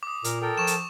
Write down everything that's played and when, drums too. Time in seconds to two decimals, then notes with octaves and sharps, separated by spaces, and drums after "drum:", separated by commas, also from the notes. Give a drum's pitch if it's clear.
0.03 D6 D#6
0.24 A#2 A#4, drum: hi-hat
0.42 A4 A#4 G5
0.58 F3 C#6 E7
0.67 drum: hi-hat